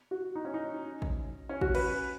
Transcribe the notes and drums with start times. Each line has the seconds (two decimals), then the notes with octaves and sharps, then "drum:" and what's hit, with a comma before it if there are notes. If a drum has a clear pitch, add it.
0.11 F#4
0.35 D#4
0.45 C#4
0.54 D#4
1.02 drum: kick
1.49 C#4
1.61 F#4, drum: kick
1.75 B4, drum: cymbal